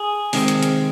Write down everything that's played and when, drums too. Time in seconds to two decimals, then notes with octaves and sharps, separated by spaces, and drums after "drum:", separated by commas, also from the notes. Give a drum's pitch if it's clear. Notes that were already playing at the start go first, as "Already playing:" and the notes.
Already playing: G#4
0.33 C3 D#3 G#3 C4, drum: open hi-hat
0.48 drum: hi-hat
0.63 drum: hi-hat